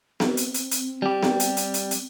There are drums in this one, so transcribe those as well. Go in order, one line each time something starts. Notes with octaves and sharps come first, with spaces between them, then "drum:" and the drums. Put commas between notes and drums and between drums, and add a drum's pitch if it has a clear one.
C4, drum: snare B3
drum: hi-hat
drum: hi-hat
drum: hi-hat
G3 G4
drum: snare B3
drum: hi-hat
drum: hi-hat
drum: hi-hat
drum: hi-hat